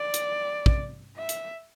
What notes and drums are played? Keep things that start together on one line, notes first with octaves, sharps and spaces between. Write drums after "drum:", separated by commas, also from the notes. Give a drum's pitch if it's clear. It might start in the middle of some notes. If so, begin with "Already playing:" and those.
Already playing: D5
drum: hi-hat
drum: kick
E5
drum: hi-hat